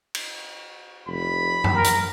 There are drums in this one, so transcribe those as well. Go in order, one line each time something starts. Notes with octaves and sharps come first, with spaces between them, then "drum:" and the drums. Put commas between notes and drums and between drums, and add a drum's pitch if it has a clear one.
drum: cymbal
F1 B5
drum: tom F#2
A#4
drum: hi-hat